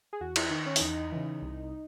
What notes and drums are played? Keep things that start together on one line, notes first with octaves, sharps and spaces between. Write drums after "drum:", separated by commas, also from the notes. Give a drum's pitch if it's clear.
G#4
E2 F#4
E4, drum: cymbal
D#3 D#4
C#4
E4, drum: open hi-hat
E2 D#4
C#3 E3
C2